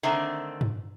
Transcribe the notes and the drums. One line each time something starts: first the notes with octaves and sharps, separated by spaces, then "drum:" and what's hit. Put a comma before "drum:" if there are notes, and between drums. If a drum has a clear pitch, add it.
D3 D#3 A3 C4
drum: tom G2